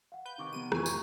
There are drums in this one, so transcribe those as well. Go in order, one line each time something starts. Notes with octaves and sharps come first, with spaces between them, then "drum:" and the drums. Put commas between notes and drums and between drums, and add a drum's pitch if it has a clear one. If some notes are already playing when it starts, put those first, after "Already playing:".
F5 F#5
B4 G6
C3 D#3 D#4 G5 C#6 D6
C3 F3 B3 D#7
F2 C3 E3 E4 F4 B4 G#5 C#6, drum: rim click
A2 A#5 C#6 G6 G#6 D#7, drum: tambourine